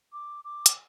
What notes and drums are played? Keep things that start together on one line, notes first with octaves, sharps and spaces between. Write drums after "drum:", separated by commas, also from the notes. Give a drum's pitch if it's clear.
D6
D6
drum: hi-hat